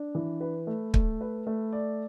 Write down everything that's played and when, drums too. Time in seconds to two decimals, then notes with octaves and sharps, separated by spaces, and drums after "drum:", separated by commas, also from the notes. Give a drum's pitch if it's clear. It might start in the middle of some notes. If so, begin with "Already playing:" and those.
Already playing: D4
0.15 E3
0.41 B4
0.67 A3
0.94 A3, drum: kick
1.21 B4
1.47 A3
1.73 D5